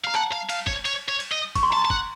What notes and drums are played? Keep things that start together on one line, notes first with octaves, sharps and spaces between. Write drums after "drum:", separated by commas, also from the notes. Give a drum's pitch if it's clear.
F5 A#5
F#5 A5, drum: clap
F5
F5, drum: cymbal
C#5, drum: kick
C#5, drum: cymbal
C#5
drum: cymbal
D#5
C#6, drum: kick, cymbal
C6
A5 A#5
C6
A5
F#5, drum: kick